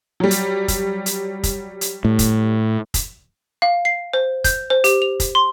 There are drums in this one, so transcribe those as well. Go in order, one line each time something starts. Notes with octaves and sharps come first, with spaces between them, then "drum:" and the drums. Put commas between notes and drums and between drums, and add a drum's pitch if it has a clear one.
F#3 G3
drum: hi-hat
drum: kick, hi-hat
drum: hi-hat
drum: kick, hi-hat
drum: hi-hat
A2
drum: kick, hi-hat
drum: kick, hi-hat
F5
C7
C5
G6, drum: kick, hi-hat
C5
G4, drum: hi-hat
F7
drum: kick, hi-hat
C6